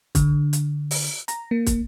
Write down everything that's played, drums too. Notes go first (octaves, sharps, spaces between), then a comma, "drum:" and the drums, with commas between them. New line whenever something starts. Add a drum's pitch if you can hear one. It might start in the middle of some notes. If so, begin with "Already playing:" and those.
D3, drum: kick, hi-hat
drum: hi-hat
drum: open hi-hat
A#5, drum: hi-hat
A#3
drum: kick, hi-hat